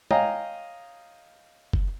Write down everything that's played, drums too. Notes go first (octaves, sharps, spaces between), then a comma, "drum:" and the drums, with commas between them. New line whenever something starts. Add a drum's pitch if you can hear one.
C#5 D#5 F5 G5 G#5 A#5, drum: tom
drum: kick